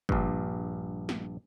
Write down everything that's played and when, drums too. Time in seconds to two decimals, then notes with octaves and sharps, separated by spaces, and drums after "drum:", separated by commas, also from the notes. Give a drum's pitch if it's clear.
0.09 A#1 G2, drum: kick G1
1.09 drum: snare